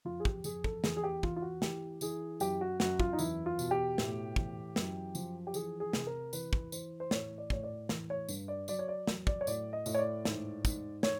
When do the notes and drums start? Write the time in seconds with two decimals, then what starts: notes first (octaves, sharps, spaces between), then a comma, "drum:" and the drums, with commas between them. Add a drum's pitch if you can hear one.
0.05 F2 F4
0.20 G#4
0.25 G4, drum: kick
0.44 F2 G#4, drum: tambourine
0.64 A4, drum: kick
0.84 E2 G#4, drum: snare
0.97 G#4
1.04 G4
1.23 E2 F4, drum: kick
1.36 F4
1.42 F#4
1.62 E3 G4, drum: snare
2.01 E3 G#4, drum: tambourine
2.40 F#2 G4, drum: tambourine
2.61 F#4
2.80 F#2 F#4, drum: snare
3.00 F4, drum: kick
3.13 D#4
3.19 E2 E4, drum: tambourine
3.46 F4
3.59 B2, drum: tambourine
3.71 G4
3.98 A2, drum: snare
4.36 E3, drum: kick
4.76 F#2, drum: snare
5.15 F3, drum: tambourine
5.47 G4
5.54 E3 G#4, drum: tambourine
5.80 G#4
5.93 C3, drum: snare
6.07 A#4
6.33 E3 B4, drum: tambourine
6.53 drum: kick
6.72 E3 C5, drum: tambourine
7.00 C5
7.11 A2 C#5, drum: snare
7.38 D5
7.50 A2 C#5, drum: kick
7.63 D5
7.89 E3, drum: snare
8.10 C#5
8.29 G2, drum: tambourine
8.48 D5
8.68 F#3 D5, drum: tambourine
8.79 C#5
8.88 D5
9.07 F#3, drum: snare
9.27 D5, drum: kick
9.41 C#5
9.47 A2 D5, drum: tambourine
9.73 D#5
9.86 A2, drum: tambourine
9.94 C#5
9.99 D5
10.25 G#2, drum: snare
10.65 G#2, drum: kick, tambourine
11.03 C#5, drum: snare